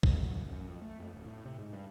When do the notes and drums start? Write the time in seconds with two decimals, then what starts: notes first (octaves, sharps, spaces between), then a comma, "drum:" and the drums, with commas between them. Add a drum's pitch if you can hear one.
0.03 A1, drum: kick
0.23 F#3
0.36 F#1
0.51 F#2
0.68 F2
0.81 A3
1.00 F2
1.14 D1
1.26 A2
1.46 C3
1.59 G#2
1.73 G2